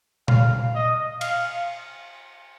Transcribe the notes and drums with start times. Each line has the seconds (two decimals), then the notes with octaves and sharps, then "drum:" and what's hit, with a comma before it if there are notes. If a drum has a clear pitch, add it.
0.28 F5, drum: tom A#2
0.75 D#5
1.21 F5, drum: cymbal